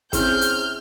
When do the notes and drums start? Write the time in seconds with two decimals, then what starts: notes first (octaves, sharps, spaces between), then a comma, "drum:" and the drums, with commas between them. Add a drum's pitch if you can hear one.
0.13 C3 C4 C#4 E4 G#4 F6 G6, drum: kick, hi-hat
0.41 drum: hi-hat